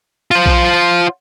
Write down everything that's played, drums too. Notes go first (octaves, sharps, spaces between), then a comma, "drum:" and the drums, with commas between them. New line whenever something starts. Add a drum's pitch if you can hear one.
F4 C5
drum: kick B1